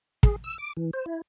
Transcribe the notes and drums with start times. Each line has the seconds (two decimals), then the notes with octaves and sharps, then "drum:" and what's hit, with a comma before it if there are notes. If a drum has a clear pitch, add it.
0.23 G#4, drum: kick
0.44 E6
0.58 D6
0.77 E3
0.93 C5
1.06 E4